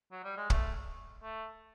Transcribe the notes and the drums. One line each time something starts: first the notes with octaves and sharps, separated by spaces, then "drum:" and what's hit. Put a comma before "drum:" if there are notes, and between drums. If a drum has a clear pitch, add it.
F#3
G3
G#3
A3, drum: kick
A3